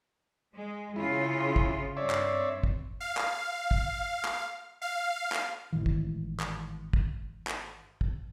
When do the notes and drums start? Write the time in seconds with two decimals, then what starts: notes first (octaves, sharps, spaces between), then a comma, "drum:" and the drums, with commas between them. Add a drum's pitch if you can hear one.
0.54 G#3
0.96 C#3 E4 F4
1.56 drum: kick
1.97 G2 C4 C#5 D5 E5
2.10 drum: clap
2.63 drum: kick
3.00 F5
3.17 drum: clap
3.71 drum: kick
4.25 drum: clap
4.82 F5
5.32 drum: clap
5.73 G#1 A2 D#3 E3
5.86 drum: kick
6.40 drum: clap
6.93 drum: kick
7.47 drum: clap
8.01 drum: kick